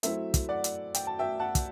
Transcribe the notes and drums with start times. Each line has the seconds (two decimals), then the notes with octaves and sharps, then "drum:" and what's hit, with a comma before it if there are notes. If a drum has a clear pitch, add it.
0.03 F#3 A3 C4 E4 E5, drum: hi-hat
0.34 drum: kick, hi-hat
0.49 D5 F#5
0.64 drum: hi-hat
0.94 G5, drum: hi-hat
1.07 A5
1.19 E5 G5
1.40 F#5 A5
1.55 drum: kick, hi-hat